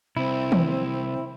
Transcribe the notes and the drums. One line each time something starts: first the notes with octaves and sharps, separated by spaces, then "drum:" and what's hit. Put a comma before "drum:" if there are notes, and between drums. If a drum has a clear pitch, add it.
C2 C4 E4
drum: tom